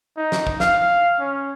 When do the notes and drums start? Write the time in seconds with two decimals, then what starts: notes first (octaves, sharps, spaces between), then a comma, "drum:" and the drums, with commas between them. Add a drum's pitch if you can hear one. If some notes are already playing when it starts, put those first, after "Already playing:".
0.17 D#4
0.32 drum: snare
0.47 drum: kick
0.60 F5, drum: snare
1.19 C#4